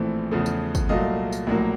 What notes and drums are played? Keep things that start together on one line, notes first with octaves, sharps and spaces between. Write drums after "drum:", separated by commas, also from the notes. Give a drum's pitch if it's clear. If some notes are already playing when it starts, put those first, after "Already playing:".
Already playing: A#1 A2 E3 A3 C4
E2 C#3 F3 A3
drum: tambourine
drum: kick, tambourine
C2 A#2 F#3 A3 D#5 F5
drum: tambourine
A#1 A2 F#3 A#3